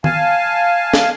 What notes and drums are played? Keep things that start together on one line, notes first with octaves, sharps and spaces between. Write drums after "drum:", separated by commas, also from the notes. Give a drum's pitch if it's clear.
F5 G#5 A5, drum: tom D#3
drum: snare